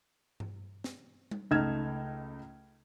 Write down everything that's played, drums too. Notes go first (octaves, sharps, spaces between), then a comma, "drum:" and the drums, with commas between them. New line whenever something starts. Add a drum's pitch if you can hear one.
drum: tom G2
drum: snare
drum: tom G3
C#2 A3 D#4 F6 G#6 E7